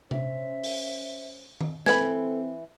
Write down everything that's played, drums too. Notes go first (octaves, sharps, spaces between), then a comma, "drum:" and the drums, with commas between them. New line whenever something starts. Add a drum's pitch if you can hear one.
C#4 C5 E5, drum: tom C3
drum: open hi-hat
drum: tom D#3
E3 C4 A4 B5 G#6, drum: snare